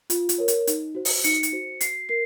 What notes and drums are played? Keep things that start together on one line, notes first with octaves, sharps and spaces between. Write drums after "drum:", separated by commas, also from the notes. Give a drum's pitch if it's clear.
F4, drum: hi-hat
drum: hi-hat
A#4 C#5
drum: hi-hat
D#4, drum: hi-hat
F#4 C5
drum: open hi-hat
D#4 C#7, drum: hi-hat
drum: hi-hat
F#4 C5
F#4 C7, drum: hi-hat
A#4 C7